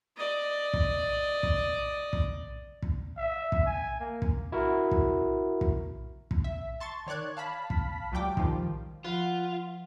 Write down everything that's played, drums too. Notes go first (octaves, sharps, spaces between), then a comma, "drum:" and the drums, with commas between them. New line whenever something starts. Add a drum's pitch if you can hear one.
D5 D#5
drum: kick
drum: kick
drum: kick
drum: kick
E5
drum: kick
G#5
A#3
drum: kick
E4 F#4 A#4
drum: kick
drum: kick
drum: kick
E5
A5 C6 C#6 A6
D#3 C#5 D5 F#6 G#6
F5 A5 B5 B6
drum: kick
C#2 F#3 G3 G5 D6
D#3 F3 G3, drum: kick
F3 F4 B4 F#5